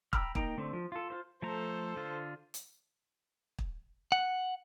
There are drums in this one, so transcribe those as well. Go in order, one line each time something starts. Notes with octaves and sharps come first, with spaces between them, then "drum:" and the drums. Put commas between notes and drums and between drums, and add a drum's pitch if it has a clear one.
G5 A#5 B5 E6 F6, drum: kick
A#3 D#4 G5 A#5, drum: kick
D3 A3 C4
F3
F4 A4
F4 C5
F3 A3 A4 C5 A#5
D3 F4
drum: hi-hat
drum: kick
F#5